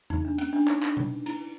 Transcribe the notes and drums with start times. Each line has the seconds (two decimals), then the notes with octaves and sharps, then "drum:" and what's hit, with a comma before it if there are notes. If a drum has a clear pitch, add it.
0.10 D#4, drum: tom E2
0.25 D4
0.38 C#4, drum: cymbal
0.53 D4
0.67 D#4, drum: clap
0.82 drum: clap
0.97 drum: tom B2
1.26 E4, drum: cymbal